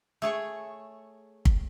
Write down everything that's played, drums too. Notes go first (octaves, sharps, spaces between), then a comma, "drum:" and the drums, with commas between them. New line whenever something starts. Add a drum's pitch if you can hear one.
A3 G#4 C#5
drum: kick